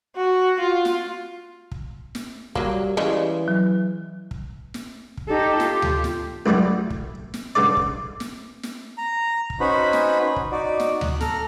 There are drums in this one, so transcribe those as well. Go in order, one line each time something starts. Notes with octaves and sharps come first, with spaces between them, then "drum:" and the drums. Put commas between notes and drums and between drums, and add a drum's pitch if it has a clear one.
F#4
F4
drum: snare
drum: kick
drum: snare
F#3 G3 A#3, drum: kick
C#3 E3 G3 G#3 D#5
F#3
drum: kick
drum: snare
drum: kick
D#4 G4 A4
F4, drum: snare
drum: tom D2
drum: snare
C#2 A2 F#3 G3 A3
drum: kick
drum: snare
G2 C#3 A4 D5
drum: kick
drum: snare
drum: snare
A#5
drum: kick
C#4 D#4 F#4 B4 C5 B5
drum: snare
drum: kick
D#4 F#4 D5
drum: snare
F#6, drum: tom D2
A4 A#5 F6, drum: snare